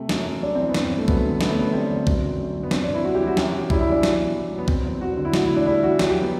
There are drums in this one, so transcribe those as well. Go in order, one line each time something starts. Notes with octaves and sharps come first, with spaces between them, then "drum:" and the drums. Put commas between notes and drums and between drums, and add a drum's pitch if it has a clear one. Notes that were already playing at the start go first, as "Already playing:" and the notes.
Already playing: C3 A3
F#2, drum: snare
F#2
G3 D4
E3 C4
B3
G2, drum: snare
C4
G2
A3
F#3 B3, drum: kick A#1
D3
F#2 B3, drum: snare
A3
F#2 B3
G3 C4
D3
F#3, drum: kick A#1
F#2
F#2
F#3
B3
G2 C4, drum: snare
G2 D4
E4
G3 F#4
G4
E3 E4
F#4
F#2 G4, drum: snare
F#2
G3 E4, drum: kick A#1
E4
E3 D4
F#3, drum: snare
B2
B2
F#3
B3
E2 C4, drum: kick A#1
E2
G3 F#4
D3
E4
A2 F#4, drum: snare
E4
A2
D4
G3 E4
E3 F#4
F#3 G4, drum: snare
G4
B3